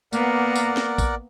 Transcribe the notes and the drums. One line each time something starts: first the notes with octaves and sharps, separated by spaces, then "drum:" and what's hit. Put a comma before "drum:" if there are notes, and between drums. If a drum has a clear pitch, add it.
A#3 B3 A#4 D5 F#5, drum: tambourine
drum: tambourine
drum: snare
drum: kick, tambourine